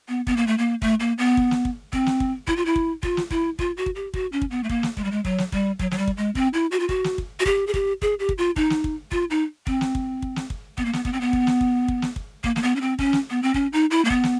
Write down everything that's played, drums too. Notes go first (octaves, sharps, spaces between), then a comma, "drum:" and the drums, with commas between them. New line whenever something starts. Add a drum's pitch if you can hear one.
B3
B3, drum: kick
A#3
A3
A#3
A3, drum: kick
A#3
B3
drum: kick
drum: snare
drum: kick
C4, drum: kick
drum: snare
drum: kick
E4, drum: kick
F4
E4
drum: kick
F4, drum: kick
drum: snare
E4, drum: kick
F4, drum: kick
F#4
drum: kick
G4
F#4, drum: kick
C#4
drum: kick
B3
A3
A#3, drum: kick
drum: snare
G#3, drum: kick
G3
G#3
F#3, drum: kick
drum: snare
G3, drum: kick
F#3, drum: kick
F#3, drum: snare
G3
drum: kick
G#3
C4, drum: kick
E4
F#4
F4
F#4, drum: kick
drum: snare
drum: kick
F#4
G4, drum: kick
G#4
G4, drum: kick
G#4, drum: kick
G4
drum: kick
F4
D#4, drum: kick
drum: snare
drum: kick
F4, drum: kick
D#4
C4, drum: kick
drum: snare
drum: kick
drum: kick
drum: snare
drum: kick
B3, drum: kick
A#3
B3, drum: snare
B3, drum: kick
C4
B3
drum: kick
drum: snare
drum: kick
drum: kick
drum: snare
drum: kick
A#3, drum: kick
A#3, drum: snare
B3
C#4
C4
C#4, drum: kick
drum: snare
B3
C4
C#4, drum: kick
D#4
E4
A#3
B3, drum: kick
drum: snare